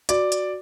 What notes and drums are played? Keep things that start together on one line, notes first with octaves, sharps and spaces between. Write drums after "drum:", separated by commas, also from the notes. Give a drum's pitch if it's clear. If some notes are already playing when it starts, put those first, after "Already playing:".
F#4 D5, drum: hi-hat
drum: hi-hat